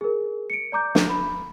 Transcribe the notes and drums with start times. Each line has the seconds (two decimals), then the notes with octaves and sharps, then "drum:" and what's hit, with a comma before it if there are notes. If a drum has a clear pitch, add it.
0.01 G#4 A#4
0.50 C#7 D7
0.72 D5 A#5 D6 G6
0.95 drum: snare
1.09 B5